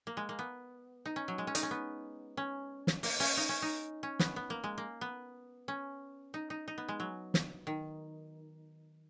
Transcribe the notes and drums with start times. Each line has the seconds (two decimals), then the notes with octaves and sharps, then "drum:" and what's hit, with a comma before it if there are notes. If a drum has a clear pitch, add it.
0.07 A#3
0.17 G#3
0.29 A#3
0.39 B3
1.06 D#4
1.16 C#4
1.28 F#3
1.38 G#3
1.47 C#4
1.55 D#4, drum: hi-hat
1.63 C#4
1.71 B3
2.37 C#4
2.87 drum: snare
3.03 A#3, drum: open hi-hat
3.20 C#4, drum: open hi-hat
3.37 D#4
3.49 C#4
3.62 D#4
4.03 C#4
4.19 B3, drum: snare
4.36 B3
4.50 A#3
4.64 G#3
4.78 A#3
5.01 B3
5.68 C#4
6.34 D#4
6.50 D#4
6.68 D#4
6.78 B3
6.88 G#3
7.00 F#3
7.34 drum: snare
7.67 D#3